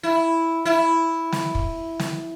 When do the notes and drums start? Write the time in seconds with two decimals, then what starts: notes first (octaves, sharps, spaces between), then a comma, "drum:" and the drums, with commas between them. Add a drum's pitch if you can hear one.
0.03 E4
0.65 E4
1.32 drum: snare
1.55 drum: kick
1.99 drum: snare